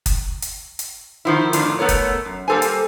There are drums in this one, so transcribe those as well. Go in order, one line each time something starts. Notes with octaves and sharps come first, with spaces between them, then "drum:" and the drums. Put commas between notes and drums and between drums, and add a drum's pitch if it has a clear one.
drum: kick F#1, hi-hat
drum: hi-hat
drum: hi-hat
D#3 F3 E4
F2 A2 D#3 D4 E4 F4, drum: hi-hat
A3 B3 A4 A#4 C#5
drum: kick F#1, hi-hat
F#2
G3 A#3 A4 C5 G#5
drum: hi-hat